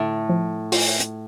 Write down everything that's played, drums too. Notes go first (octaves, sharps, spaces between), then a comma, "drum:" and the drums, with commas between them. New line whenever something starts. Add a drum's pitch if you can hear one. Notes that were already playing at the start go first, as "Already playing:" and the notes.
Already playing: A2 D3
F3
F4, drum: open hi-hat
drum: hi-hat